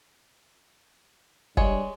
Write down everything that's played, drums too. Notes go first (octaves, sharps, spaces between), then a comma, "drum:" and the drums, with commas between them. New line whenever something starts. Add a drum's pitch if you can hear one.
G2 G3 G#3 C#5, drum: kick